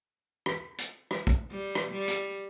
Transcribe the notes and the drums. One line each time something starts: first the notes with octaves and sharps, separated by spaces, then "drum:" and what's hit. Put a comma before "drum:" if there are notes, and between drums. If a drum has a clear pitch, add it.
drum: rim click
drum: hi-hat
drum: rim click
drum: kick
G3
drum: rim click
G3
drum: hi-hat